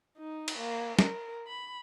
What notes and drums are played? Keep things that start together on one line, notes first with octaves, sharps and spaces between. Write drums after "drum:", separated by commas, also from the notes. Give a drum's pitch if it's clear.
D#4
drum: cymbal
A#3
A#4, drum: snare
B5